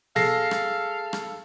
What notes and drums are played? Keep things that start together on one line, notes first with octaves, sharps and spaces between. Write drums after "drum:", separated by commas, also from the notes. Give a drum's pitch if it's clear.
G#4 A4 F5 A#6 C7, drum: snare
drum: rim click
drum: rim click